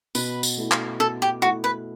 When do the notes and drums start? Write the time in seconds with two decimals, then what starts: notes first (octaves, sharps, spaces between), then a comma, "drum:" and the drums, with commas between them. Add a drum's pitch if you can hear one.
0.15 B2 B4, drum: tambourine
0.43 drum: tambourine
0.57 A3 E4
0.72 drum: clap
1.00 B2 A4
1.22 G4
1.42 A3 E4 F#4
1.64 B4